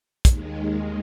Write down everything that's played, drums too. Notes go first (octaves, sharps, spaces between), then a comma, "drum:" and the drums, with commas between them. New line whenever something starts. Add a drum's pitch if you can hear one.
D#2 D#3 G#3, drum: kick, hi-hat